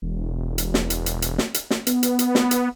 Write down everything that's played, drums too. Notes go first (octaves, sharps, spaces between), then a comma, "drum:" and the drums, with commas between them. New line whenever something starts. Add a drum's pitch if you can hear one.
E1
drum: hi-hat
drum: snare
drum: hi-hat
drum: hi-hat
drum: hi-hat
drum: snare
drum: hi-hat
drum: snare
B3, drum: hi-hat
drum: hi-hat
drum: hi-hat
drum: snare
drum: hi-hat